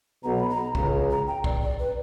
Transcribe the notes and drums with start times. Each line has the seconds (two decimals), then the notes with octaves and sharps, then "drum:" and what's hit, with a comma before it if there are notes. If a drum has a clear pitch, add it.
0.23 B1 B2 A#5
0.40 B5
0.50 A#5
0.75 C#2 C#3 A#5, drum: kick
1.10 A#5
1.27 G5
1.44 D5, drum: kick
1.62 D5
1.79 B4